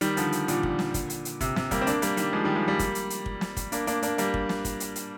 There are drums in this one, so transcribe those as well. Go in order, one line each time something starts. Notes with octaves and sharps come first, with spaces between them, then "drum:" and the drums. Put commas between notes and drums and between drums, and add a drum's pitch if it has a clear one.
D#3 G3, drum: hi-hat
D3 F3, drum: hi-hat
drum: hi-hat
A#2 D3, drum: hi-hat
drum: kick
drum: snare
drum: kick, hi-hat
drum: hi-hat
drum: hi-hat
C3, drum: kick, hi-hat
C3, drum: snare
G3 A#3, drum: kick, hi-hat
C4
A#3 D4, drum: hi-hat
G3 A#3, drum: hi-hat
D#3 G3, drum: hi-hat
F3 G#3
D#3 G3
F3 G#3
G3 A#3
drum: kick, hi-hat
drum: hi-hat
drum: hi-hat
drum: kick
drum: snare
drum: kick, hi-hat
A#3 D4, drum: hi-hat
A#3 D4, drum: hi-hat
A#3 D4, drum: hi-hat
G3 A#3, drum: hi-hat
drum: kick
drum: snare
drum: kick, hi-hat
drum: hi-hat
drum: hi-hat